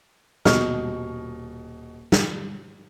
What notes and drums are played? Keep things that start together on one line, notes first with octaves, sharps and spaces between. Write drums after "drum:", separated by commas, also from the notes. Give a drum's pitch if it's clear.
D#1 B2 D#5 C#6 F6, drum: snare
drum: snare